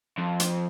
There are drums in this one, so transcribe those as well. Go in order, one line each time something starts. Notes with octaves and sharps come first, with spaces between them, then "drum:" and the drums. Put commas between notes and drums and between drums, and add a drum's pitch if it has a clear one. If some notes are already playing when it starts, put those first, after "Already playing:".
F2
drum: hi-hat